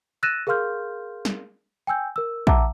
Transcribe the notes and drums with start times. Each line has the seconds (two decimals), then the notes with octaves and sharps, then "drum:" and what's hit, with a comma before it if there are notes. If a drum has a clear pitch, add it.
0.23 E6 F#6 A6 A#6 D#7 E7
0.47 G#4 A#4 F5 C6 F6 G6
1.25 drum: snare
1.87 G5 G#5 E6 G6
2.16 A#4 E6
2.47 E5 F#5 A5 A#5 D6 E6, drum: kick A#1